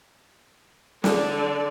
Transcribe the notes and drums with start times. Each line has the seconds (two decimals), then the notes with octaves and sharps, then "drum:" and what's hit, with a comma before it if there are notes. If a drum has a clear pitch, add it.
1.04 D3 D5, drum: snare